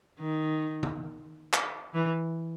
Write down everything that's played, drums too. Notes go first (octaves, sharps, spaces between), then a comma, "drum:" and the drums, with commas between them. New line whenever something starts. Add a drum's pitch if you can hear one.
D#3
drum: tom
drum: clap
E3